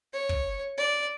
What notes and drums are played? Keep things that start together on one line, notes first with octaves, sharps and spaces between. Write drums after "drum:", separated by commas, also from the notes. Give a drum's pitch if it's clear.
C#5
drum: kick
D5